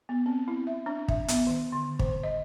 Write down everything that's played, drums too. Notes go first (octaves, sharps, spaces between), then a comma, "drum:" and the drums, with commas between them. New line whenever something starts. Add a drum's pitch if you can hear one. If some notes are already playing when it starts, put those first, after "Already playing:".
B3
C4
E4
E5
D4
E5, drum: kick
B3, drum: hi-hat
D#3
D3
C5, drum: kick
D#5